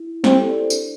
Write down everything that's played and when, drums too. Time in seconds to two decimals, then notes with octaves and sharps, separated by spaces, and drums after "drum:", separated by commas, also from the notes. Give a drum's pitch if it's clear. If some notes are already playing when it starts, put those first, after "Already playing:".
Already playing: E4
0.24 C4 G4, drum: snare
0.36 A4
0.47 D5
0.58 C5
0.70 D4, drum: tambourine